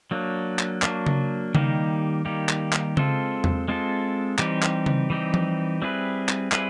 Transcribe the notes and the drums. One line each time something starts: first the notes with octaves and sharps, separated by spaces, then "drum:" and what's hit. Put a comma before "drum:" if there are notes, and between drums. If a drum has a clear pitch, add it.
F#3 A#3 D4
drum: clap
F#3 A#3 D4, drum: clap
drum: tom C#3
D#3 G3 A#3 D#4 G4, drum: tom C#3
D#3 G3 A#3 D#4 G4
drum: clap
drum: clap
G#3 C4 F4 A4, drum: tom C#3
drum: tom E2
G#3 C4 F4 A4
E3 G3 C4 D#4 G4, drum: clap
drum: clap
drum: tom C#3
E3 G3 C4 D#4 G4
drum: tom F3
G3 C4 E4 G#4 B4
drum: clap
G3 C4 E4 G#4 B4, drum: clap